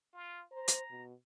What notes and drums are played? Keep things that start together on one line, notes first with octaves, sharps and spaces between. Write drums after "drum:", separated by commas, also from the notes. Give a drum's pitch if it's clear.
F4
C5 A#5
drum: hi-hat
B2